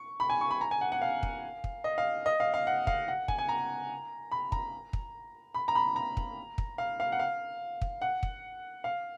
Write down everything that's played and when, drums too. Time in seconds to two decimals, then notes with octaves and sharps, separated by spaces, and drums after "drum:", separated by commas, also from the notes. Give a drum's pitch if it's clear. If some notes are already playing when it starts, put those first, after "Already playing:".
Already playing: C#6
0.20 B5
0.30 G#5
0.41 C#6
0.51 B5
0.61 A#5
0.71 G#5
0.81 F#5
0.92 F#5
1.02 F5
1.23 drum: kick
1.64 drum: kick
1.84 D#5
1.98 F5
2.26 D#5
2.40 F5
2.54 F5
2.67 F#5
2.87 F5, drum: kick
3.08 F#5
3.28 G#5, drum: kick
3.38 G#5
3.49 A#5
4.31 B5
4.52 A#5, drum: kick
4.93 drum: kick
5.54 B5
5.68 A#5
5.75 B5
5.96 A#5
6.17 drum: kick
6.58 drum: kick
6.78 F5
7.00 F5
7.12 F#5
7.19 F5
7.82 drum: kick
8.02 F#5
8.23 drum: kick
8.84 F5